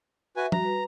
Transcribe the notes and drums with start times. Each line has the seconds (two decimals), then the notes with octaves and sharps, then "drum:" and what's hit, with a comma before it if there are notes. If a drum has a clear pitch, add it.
0.37 F#4 B4 E5 G#5
0.52 G3 F#4 A#5, drum: tom
0.64 B4